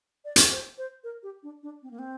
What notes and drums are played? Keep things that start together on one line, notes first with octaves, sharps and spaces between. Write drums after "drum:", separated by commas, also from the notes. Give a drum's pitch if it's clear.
D5
drum: hi-hat
C5
C5
A#4
G4
D4
D4
C4
A#3
C4